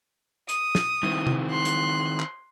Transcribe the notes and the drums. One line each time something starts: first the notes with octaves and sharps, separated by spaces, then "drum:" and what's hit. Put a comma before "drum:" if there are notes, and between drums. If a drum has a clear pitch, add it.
D#6, drum: hi-hat
drum: snare
D#3 C4 E4, drum: tom G3
drum: tom C3
C6 F#6
drum: hi-hat
drum: clap